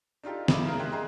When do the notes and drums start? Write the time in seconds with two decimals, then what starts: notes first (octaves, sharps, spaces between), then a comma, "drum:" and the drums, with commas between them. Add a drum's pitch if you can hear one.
0.23 D4 D#4 F4 G4 A4
0.48 G#1 C#3 E5 B5 D6 D#6, drum: snare
0.65 C#3 G#3 A#3 D#4 G#4 A#4
0.79 E5 G5 C6 F#6 G#6
0.92 G#4 D#5 G5 G#5 A#5 C6